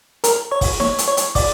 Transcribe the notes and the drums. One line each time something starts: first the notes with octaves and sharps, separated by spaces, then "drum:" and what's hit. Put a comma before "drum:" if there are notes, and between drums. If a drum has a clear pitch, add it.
A#4 A#5, drum: hi-hat
C#5 C#6
drum: kick, open hi-hat
C#5 C#6, drum: snare D#4
drum: hi-hat
C#5 C#6
drum: hi-hat
D5 D6, drum: kick, open hi-hat